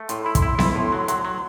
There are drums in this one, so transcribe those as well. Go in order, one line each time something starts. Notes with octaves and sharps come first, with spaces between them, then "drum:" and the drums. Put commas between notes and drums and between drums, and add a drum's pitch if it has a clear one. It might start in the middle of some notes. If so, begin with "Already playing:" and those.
Already playing: A3
A2 C6, drum: hi-hat
E4 B5
C6, drum: kick, hi-hat
E4
E4, drum: snare B3
A2
F#3
F#3, drum: hi-hat
F#3